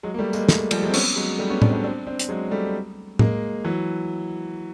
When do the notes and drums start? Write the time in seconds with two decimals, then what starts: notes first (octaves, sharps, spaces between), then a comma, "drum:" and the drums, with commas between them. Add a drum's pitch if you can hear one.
0.03 F#3 G#3
0.14 A#3
0.18 G3 A3
0.33 G#3 A#3, drum: tambourine
0.49 G3 A3, drum: snare
0.71 F3 G3, drum: cymbal
0.82 F#3 G#3
0.89 C4
0.94 B3 C#4, drum: cymbal
1.16 F#3 G#3
1.38 G3 A3
1.50 B3 C#4
1.62 C4 D4, drum: tom A2
1.72 C4 D4
1.84 C4 D4
2.07 C4 D4
2.19 drum: hi-hat
2.29 F#3 G#3
2.51 G3 A3
3.19 G#3 A#3, drum: tom A2
3.64 E3 F#3